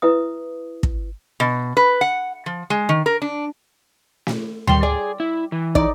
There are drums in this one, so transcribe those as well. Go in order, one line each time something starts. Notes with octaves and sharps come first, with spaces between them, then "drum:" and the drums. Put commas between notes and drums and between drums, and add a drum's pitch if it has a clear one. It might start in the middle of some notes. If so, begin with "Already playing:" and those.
E4 B4 E5 D#6
drum: kick
B2
B4
F#5
F3
G#3
D#3
A#4
D4
drum: snare
D#3 G3 C6, drum: tom D2
G#4 D5
E4
E3
D#4 D5, drum: kick